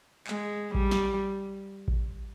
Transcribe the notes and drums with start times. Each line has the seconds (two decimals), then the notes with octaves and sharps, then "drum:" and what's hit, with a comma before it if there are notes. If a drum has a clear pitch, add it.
0.27 G#3, drum: clap
0.75 G3, drum: kick A1
0.91 drum: snare
1.88 drum: kick A1